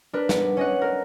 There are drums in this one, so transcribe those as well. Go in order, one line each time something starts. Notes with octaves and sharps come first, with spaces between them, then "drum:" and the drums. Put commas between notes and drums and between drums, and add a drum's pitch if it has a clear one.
D4 A#4 B4
B3, drum: snare
C#4 D#5 F#5
A#4